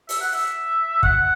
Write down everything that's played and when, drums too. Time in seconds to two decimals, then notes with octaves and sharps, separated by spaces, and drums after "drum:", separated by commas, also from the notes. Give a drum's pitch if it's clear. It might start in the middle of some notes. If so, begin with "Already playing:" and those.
0.09 E5, drum: open hi-hat
0.21 F#5
0.33 E5
1.03 F#5, drum: kick